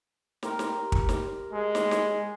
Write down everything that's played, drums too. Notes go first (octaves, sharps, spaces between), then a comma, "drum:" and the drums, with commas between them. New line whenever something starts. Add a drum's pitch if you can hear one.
G4 A#4 C6, drum: snare
drum: snare
drum: kick
drum: snare
G#3
drum: snare
drum: snare